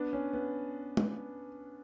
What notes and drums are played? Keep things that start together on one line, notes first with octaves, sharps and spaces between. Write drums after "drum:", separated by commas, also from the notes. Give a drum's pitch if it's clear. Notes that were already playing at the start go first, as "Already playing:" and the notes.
Already playing: B3 D4
C#4
B3
drum: tom